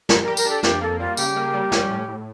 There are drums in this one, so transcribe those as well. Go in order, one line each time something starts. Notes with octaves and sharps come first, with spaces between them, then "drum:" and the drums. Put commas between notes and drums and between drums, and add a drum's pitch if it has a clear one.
G3 A#4, drum: snare
G4 A#4
A#4, drum: tambourine
D4 A4
F2 G4, drum: snare
A#3 A4
G3 F4
C#3 G4, drum: tambourine
A#3
G3
C#4, drum: snare
A2
A2